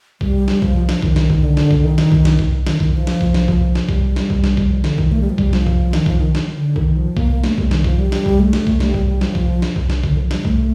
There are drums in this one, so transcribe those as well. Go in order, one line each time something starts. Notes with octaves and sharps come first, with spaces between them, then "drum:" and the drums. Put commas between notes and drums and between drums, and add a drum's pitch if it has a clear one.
G3, drum: kick B1
drum: snare
F3, drum: kick B1
drum: snare
D#3, drum: kick B1
drum: snare
drum: kick B1
D3
drum: snare
drum: kick B1
D#3
drum: snare
drum: kick B1
drum: snare
drum: kick B1
D#3, drum: snare
D#3, drum: kick B1
F3
drum: snare
drum: kick B1
drum: snare
drum: kick B1
drum: snare
G3, drum: kick B1
drum: snare
drum: kick B1
drum: snare
drum: kick B1
F3
D3, drum: snare
D#3, drum: kick B1
A3
G3
F3
G3, drum: kick B1
F3, drum: snare
drum: kick B1
D#3, drum: snare
F3, drum: kick B1
D#3
drum: snare
D3
D#3, drum: kick B1
F3
A#3, drum: kick B1
A#3
A3, drum: snare
G3, drum: kick B1
D#3, drum: snare
F3, drum: kick B1
G3
drum: snare
drum: kick B1
A3
drum: snare
drum: kick B1
G3, drum: snare
drum: kick B1
F3, drum: snare
drum: kick B1
drum: snare
drum: kick B1
drum: snare
D3, drum: kick B1
F3
G3, drum: snare
A3, drum: kick B1